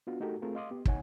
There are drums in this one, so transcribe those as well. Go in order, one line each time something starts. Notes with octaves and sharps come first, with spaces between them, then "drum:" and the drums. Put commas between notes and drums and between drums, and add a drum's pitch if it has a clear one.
B3 D4 F4 F#4
A3 D#4 F#4 G4 A4 A#4
A3 C4 F4 G#4 A#4
D#5 F5 C6 D6 D#6
B3 G4
D#2 B2 D#4 C#5 F#5 G#5, drum: kick